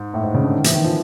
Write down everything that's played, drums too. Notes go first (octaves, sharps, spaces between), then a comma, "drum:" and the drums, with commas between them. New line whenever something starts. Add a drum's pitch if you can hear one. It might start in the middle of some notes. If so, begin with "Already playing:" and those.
Already playing: G#2
A2
G#2
C#3
D3
D#3
E3, drum: hi-hat
D#3
F3